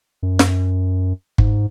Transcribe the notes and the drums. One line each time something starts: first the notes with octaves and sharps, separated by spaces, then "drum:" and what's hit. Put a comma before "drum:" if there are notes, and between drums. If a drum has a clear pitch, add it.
F#2
drum: snare
G#2, drum: kick